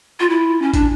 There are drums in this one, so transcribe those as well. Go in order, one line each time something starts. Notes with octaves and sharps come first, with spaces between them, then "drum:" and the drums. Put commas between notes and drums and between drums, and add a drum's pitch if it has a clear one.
F4
E4
C#4
D4, drum: kick, hi-hat